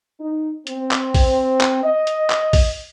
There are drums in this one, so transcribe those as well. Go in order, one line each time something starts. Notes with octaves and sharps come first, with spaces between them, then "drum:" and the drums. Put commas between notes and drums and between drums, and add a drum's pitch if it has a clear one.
D#4
C4, drum: hi-hat
drum: clap
drum: kick, open hi-hat
drum: clap
D#5
drum: hi-hat
drum: clap
drum: kick, open hi-hat